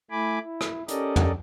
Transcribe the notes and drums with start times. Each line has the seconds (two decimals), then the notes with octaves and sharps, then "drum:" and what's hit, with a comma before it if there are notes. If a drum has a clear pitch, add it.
0.11 A3 E4 G#5 B5 D6
0.42 E4
0.61 drum: rim click
0.88 C#4 G4 A4 A#4 D5 D#5, drum: hi-hat
1.16 drum: tom